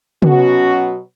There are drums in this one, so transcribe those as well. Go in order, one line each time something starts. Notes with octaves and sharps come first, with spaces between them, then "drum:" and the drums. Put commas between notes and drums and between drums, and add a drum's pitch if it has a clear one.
B2 F#3 B3 C#4 F#4, drum: tom